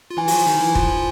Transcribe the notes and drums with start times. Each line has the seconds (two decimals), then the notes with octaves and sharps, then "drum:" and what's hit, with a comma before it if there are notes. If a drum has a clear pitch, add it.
0.11 F4
0.17 E3 E4 G#5
0.28 F#4, drum: open hi-hat
0.31 F3 F4
0.46 D#3 D#4
0.61 E3 E4
0.75 F3 F4, drum: kick